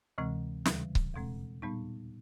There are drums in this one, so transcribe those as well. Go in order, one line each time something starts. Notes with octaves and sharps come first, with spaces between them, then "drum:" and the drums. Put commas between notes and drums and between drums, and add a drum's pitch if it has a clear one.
D2 C3 E3 G#3 C4
D#2 C#3 E3 G3, drum: snare
drum: kick C#1
E2 B2 G#3 C4
A#2 G3 B3 D#4